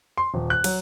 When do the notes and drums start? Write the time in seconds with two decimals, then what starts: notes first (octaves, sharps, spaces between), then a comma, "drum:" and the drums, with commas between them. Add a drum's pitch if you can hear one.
0.18 C6
0.34 D#1
0.50 F#6
0.64 F#3, drum: cymbal